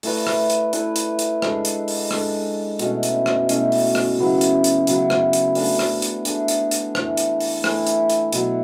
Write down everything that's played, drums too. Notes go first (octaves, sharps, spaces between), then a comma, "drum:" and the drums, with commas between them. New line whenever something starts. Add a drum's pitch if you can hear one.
A3 E4 B4 D5, drum: open hi-hat
drum: rim click
drum: hi-hat
A3 E4 B4 D5, drum: hi-hat
drum: hi-hat
drum: hi-hat
G#3 D4 A4, drum: rim click
drum: hi-hat
drum: open hi-hat
G#3 D4 A4, drum: rim click
B2 A3 C#4 E4, drum: hi-hat
drum: hi-hat
drum: rim click
B2 A3 C#4 E4, drum: hi-hat
drum: open hi-hat
drum: rim click
C#3 F#3 B3 E4
drum: hi-hat
drum: hi-hat
C#3 F#3 B3 E4, drum: hi-hat
drum: rim click
drum: hi-hat
A3 D4 G#4 D5, drum: open hi-hat
drum: rim click
drum: hi-hat
A3 D4 G#4 D5, drum: hi-hat
drum: hi-hat
drum: hi-hat
E3 A3 E4, drum: rim click
drum: hi-hat
drum: open hi-hat
E3 A3 E4, drum: rim click
drum: hi-hat
drum: hi-hat
B2 F#3 B3 E4, drum: hi-hat